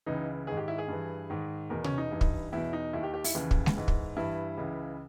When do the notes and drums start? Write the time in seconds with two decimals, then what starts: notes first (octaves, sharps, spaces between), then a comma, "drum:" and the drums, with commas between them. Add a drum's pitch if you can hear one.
0.06 C#2 C#3 E3 D#4
0.47 G#2 D#3 G#4
0.57 G4
0.68 E4
0.78 G#4
0.88 G2 E3
1.30 G#2 D#3
1.70 E2 B2 A#4
1.84 C#4, drum: tom C3
1.98 D#4
2.11 G2 E3
2.21 drum: kick
2.52 E2 B2 E4
2.73 D#4
2.93 D#2 D#3 E4
3.03 G4
3.14 G4
3.24 E4, drum: open hi-hat
3.34 D#2 C#3 E3
3.51 drum: kick
3.66 drum: snare G#3
3.76 G#2 E3
3.88 drum: kick
4.16 G2 E3 E4
4.57 C#2 C#3 E3